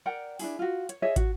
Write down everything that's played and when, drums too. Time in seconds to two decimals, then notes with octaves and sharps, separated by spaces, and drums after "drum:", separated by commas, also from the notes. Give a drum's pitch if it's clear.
0.06 A#4 D5 F#5 G5
0.39 D4 E4 G#4, drum: open hi-hat
0.59 F4 F#4
0.89 C#5, drum: hi-hat
1.02 G#4 C#5 D#5 E5
1.16 F#4, drum: kick, hi-hat